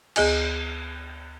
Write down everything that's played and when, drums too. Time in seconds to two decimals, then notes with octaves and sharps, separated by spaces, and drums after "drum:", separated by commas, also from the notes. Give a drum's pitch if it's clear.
0.16 D2 G#4 D#5 G#5, drum: cymbal